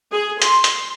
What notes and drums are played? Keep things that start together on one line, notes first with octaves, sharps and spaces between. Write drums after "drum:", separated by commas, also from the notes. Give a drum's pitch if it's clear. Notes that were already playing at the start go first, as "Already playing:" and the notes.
G#4
C6, drum: hi-hat
drum: hi-hat